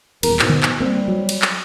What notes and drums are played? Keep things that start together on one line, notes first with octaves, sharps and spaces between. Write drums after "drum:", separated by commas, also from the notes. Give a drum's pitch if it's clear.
D#1 E2 A#4, drum: cymbal
G#2 B2, drum: clap
drum: tom
drum: clap
G3 A#3 C4
F#3
drum: cymbal
drum: clap